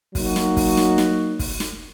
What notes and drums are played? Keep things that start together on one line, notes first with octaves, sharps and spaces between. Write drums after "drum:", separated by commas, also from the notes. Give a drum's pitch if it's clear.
F#3 A#3 D#4 F#4, drum: kick, open hi-hat
drum: snare
drum: kick, open hi-hat
drum: snare
drum: snare
drum: kick, open hi-hat
drum: snare